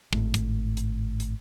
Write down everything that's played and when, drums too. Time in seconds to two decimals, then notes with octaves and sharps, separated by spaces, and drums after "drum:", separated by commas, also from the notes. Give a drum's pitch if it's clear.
0.13 G#1 A2, drum: kick
0.34 drum: kick, hi-hat
0.77 drum: hi-hat
1.20 drum: hi-hat